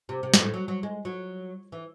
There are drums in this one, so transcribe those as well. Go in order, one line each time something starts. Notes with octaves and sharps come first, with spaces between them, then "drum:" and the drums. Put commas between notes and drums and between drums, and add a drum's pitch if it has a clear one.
C3
C3
G#2, drum: snare
A2
F#3
F#3
G#3
F#3
E3